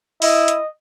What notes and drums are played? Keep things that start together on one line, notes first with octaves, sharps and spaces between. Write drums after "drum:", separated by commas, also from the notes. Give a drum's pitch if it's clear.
E4 D#5, drum: open hi-hat
drum: hi-hat